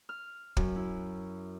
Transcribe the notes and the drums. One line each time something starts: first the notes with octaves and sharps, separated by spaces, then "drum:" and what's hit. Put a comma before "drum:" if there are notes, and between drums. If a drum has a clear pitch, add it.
F6
F#2, drum: kick
E4